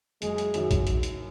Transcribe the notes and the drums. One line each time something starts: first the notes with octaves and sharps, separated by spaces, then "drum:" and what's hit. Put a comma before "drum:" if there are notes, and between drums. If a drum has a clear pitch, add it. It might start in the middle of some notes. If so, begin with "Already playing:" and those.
F#1 G#3, drum: hi-hat
drum: hi-hat
F#2 D#3 F#3, drum: hi-hat
drum: kick A#1, hi-hat
F#1, drum: hi-hat
drum: hi-hat